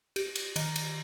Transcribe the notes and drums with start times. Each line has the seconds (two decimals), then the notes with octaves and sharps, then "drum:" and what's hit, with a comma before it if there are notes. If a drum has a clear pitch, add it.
0.16 G4, drum: cymbal
0.36 drum: cymbal
0.56 D#3, drum: cymbal
0.76 drum: cymbal